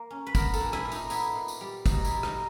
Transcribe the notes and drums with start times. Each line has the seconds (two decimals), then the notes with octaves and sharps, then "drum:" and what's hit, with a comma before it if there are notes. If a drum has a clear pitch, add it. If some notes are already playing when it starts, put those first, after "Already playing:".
Already playing: A#3
0.10 C#4
0.26 B4
0.35 B3 A#4, drum: kick, tambourine
0.54 A4, drum: tambourine
0.61 A#2
0.73 E4, drum: rim click
0.85 A#2
0.92 D#4, drum: tambourine
1.10 B3 E4, drum: tambourine
1.35 A#2
1.48 drum: tambourine
1.61 G3
1.86 B2 D#4, drum: kick, tambourine
2.05 E4, drum: tambourine
2.11 G3
2.23 D#4, drum: rim click